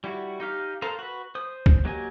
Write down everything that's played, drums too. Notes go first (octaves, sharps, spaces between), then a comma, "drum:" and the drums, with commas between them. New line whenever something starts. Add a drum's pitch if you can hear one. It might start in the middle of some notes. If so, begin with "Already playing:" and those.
G3 E4 F#4
D#4 G4 F5
A4 A#4 C5 F5 A#5
F#4 B4
C5 D#6
drum: kick
F#3 A#3 G4 D#5 G#5